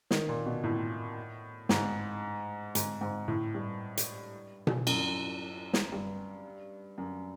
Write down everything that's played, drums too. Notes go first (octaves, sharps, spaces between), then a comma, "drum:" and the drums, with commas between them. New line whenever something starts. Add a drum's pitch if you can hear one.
D#3, drum: snare
A#2
B2
A2
G#2, drum: snare
G#2, drum: hi-hat
G#2
A2
G2
drum: hi-hat
drum: tom B2
F#2, drum: cymbal
drum: snare
G2
F#2